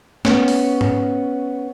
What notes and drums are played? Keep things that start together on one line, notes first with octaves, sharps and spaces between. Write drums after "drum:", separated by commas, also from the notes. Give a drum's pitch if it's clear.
B3 C#4, drum: snare
drum: open hi-hat
drum: tom G#2